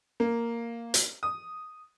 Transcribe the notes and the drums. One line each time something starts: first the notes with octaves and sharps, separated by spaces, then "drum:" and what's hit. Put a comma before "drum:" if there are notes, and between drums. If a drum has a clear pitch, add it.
A#3
drum: hi-hat
D#6